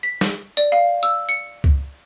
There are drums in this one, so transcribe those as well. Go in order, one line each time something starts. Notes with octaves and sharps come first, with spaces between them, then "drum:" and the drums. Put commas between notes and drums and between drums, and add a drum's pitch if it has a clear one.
B6
drum: snare
D5
F5
E6
C#7
drum: kick C#2